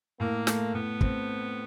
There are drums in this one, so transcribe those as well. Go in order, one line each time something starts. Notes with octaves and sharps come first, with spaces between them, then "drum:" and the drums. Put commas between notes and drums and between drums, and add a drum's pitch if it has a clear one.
A2 A#3
A3, drum: snare
A2 B3
C4, drum: kick